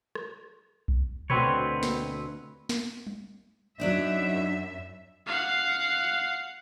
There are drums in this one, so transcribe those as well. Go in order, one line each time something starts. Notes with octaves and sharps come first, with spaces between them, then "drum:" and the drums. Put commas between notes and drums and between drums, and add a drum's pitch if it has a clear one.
drum: rim click
drum: kick B1
D2 B2 F3 C4 B4 C#5, drum: tom A#2
drum: snare
drum: snare
drum: tom
F#2 F#3 D4 D#4 E5
F5 F#5